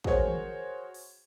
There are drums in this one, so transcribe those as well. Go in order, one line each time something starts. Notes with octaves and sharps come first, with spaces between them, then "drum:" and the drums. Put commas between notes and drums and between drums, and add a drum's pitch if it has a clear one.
F#4 G#4 A#4 C5 C#5, drum: kick
drum: tom
drum: open hi-hat